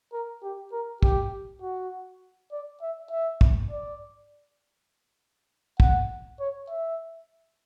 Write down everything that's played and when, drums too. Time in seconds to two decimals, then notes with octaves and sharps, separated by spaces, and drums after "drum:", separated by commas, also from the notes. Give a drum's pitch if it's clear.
0.13 A#4
0.43 G4
0.72 A#4
1.03 G4, drum: kick
1.62 F#4
2.52 D5
2.81 E5
3.11 E5
3.41 drum: kick
3.71 D5
5.80 F#5, drum: kick
6.40 C#5
6.69 E5